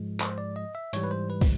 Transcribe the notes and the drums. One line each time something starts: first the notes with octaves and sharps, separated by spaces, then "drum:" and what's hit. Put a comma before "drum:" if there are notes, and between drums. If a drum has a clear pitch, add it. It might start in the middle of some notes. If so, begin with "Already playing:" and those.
Already playing: G#2 F3 G#3
C5, drum: clap
D5
D#5
E5
G#2 E3 G3 C#5, drum: hi-hat
B4
C5
B4
drum: kick, open hi-hat